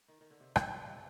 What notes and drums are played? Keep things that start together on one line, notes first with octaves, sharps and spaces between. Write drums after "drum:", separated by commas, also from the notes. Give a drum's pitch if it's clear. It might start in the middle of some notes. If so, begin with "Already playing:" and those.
D#3
D#3
D3
C3
C3, drum: rim click
D3
C3